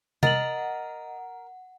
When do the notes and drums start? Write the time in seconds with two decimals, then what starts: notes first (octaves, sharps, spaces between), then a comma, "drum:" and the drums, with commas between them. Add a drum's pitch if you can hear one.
0.23 A#4 D#5 F#5 A6 F#7, drum: tom C3